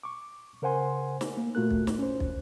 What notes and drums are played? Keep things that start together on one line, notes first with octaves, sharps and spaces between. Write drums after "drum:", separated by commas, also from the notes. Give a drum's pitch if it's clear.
C#6 D6
C#3 A#4 C5 F#5 G#5 C6
drum: snare
A#3
A#2 A3 F4 F#4 A#4 F#6
drum: kick
drum: snare
C#4 C5
drum: kick